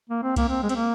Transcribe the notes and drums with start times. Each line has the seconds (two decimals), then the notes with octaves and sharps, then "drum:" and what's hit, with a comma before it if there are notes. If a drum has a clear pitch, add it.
0.09 A#3
0.23 C4
0.36 A#3, drum: kick C2, cymbal
0.49 C4
0.63 G#3
0.69 C4, drum: cymbal
0.75 A#3